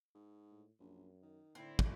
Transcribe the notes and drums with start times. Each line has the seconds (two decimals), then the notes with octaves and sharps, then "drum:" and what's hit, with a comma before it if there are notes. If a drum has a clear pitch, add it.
0.15 G#2
0.51 A2
0.80 A#1 F#2
1.23 D#3
1.55 A2 D3 C4 E4
1.79 drum: kick